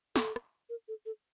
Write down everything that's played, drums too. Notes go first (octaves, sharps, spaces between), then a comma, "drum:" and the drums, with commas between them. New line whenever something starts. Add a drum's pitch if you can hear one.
A4, drum: snare
drum: rim click
A#4
A4
A4